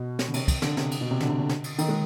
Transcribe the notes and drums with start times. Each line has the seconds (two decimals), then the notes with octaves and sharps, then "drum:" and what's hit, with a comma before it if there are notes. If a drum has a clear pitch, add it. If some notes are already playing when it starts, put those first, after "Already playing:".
Already playing: B2
0.19 drum: snare
0.28 D3
0.34 C3, drum: cymbal
0.48 drum: kick, cymbal
0.62 D3, drum: snare
0.77 C3, drum: snare
0.91 drum: cymbal
1.01 B2
1.11 C3
1.20 D3, drum: snare
1.30 C3
1.39 D3
1.49 drum: snare
1.64 drum: cymbal
1.78 D#3, drum: cymbal
1.88 G#3